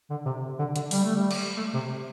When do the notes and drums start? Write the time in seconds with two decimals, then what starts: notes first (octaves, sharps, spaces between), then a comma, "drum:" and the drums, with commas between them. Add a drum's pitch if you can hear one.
0.10 D3
0.26 C3
0.59 D3
0.76 D3, drum: hi-hat
0.91 G3, drum: open hi-hat
1.03 A3
1.15 G3
1.31 drum: cymbal
1.57 A3
1.74 C3